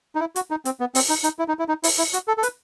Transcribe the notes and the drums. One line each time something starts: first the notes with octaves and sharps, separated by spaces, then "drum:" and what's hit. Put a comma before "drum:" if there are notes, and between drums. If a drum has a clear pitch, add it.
D#4
E4
F#4, drum: hi-hat
D#4
C4, drum: hi-hat
B3
C4, drum: open hi-hat
D#4
D#4, drum: hi-hat
E4
D#4
E4
D#4
E4, drum: open hi-hat
E4
F#4, drum: hi-hat
A4
A4
B4, drum: hi-hat